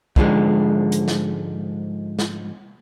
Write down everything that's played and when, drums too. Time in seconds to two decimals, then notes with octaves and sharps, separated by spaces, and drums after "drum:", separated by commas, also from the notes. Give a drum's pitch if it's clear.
0.16 G#2 D3 F3 G#3, drum: kick
0.92 drum: hi-hat
1.08 drum: snare
2.19 drum: snare